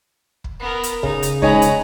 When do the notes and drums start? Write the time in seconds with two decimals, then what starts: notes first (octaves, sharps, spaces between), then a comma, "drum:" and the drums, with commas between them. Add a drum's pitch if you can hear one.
0.44 drum: kick
0.60 B3 A#4
0.83 drum: hi-hat
1.03 C#3 D#4, drum: kick
1.23 drum: hi-hat
1.42 G#2 B4 C#5 D#5 G#5 A#5, drum: kick
1.62 drum: hi-hat